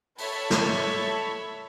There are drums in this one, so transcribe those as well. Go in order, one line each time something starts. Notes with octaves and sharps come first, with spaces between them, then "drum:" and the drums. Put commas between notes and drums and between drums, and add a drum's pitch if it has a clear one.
A4 C#5 E5 A5 B5, drum: open hi-hat
drum: snare